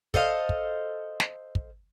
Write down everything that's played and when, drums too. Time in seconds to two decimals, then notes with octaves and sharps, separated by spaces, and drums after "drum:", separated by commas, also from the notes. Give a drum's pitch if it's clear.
0.14 A4 C5 D#5 F5, drum: kick
0.49 drum: kick
1.20 drum: snare
1.55 drum: kick